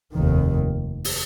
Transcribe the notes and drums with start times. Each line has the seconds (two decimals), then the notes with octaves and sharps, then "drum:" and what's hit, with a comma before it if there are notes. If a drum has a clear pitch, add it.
0.14 F1 D#2 D#3
1.04 drum: open hi-hat